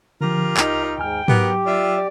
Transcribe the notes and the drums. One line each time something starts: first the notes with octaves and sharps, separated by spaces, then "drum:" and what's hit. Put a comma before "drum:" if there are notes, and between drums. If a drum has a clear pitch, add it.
D3 F3 F4 G4 A#4
C2 D#4, drum: clap
D#2 G#2 G5 G#5 F6
F#3 B3 F#4 G4 A#4, drum: tom G#2
F4 D5 E5